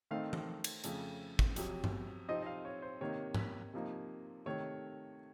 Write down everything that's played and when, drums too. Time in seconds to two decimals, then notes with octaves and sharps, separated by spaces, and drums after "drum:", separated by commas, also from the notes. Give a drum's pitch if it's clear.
0.11 D#3 A3 C4 D#4 F5
0.33 drum: tom E3
0.64 drum: cymbal
0.84 F2 C#3 A3, drum: hi-hat
1.39 drum: kick
1.56 F2 C3 F#3, drum: hi-hat
1.84 drum: tom G2
2.28 C3 F3 C4 D#4 D#5
2.43 D#5
2.46 F5
2.65 C#5
2.82 C5
3.01 C3 D#3 A#3 D#4 C#5
3.35 drum: tom G#2
3.73 C3 F3 A#3 D#4
4.46 C3 D#3 A3 C#5